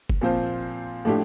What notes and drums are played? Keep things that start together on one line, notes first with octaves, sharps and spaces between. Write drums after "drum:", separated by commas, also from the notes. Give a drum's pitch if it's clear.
drum: kick G1
A#2 F3 C4 F4 C5
A2 F3 A3 D4 G4